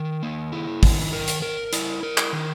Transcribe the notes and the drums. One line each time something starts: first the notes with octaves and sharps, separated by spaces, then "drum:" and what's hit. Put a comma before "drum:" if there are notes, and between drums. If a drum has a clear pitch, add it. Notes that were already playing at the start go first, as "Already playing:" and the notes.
Already playing: D#3
A#3
E4
D#3, drum: kick, open hi-hat
A#4
drum: hi-hat
A#4
E4, drum: hi-hat
A#4
drum: clap
D#3